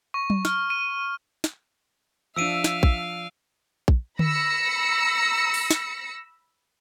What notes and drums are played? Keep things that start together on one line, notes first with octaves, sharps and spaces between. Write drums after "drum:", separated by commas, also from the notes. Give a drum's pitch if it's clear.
C#6
drum: tom F#3
F6, drum: snare
D#7
drum: snare
F3 D4 E5 F5 E6 D7 D#7
drum: snare
drum: kick A#1
drum: kick A#1
B5 E6 A#6 C#7, drum: tom D3
drum: open hi-hat
drum: snare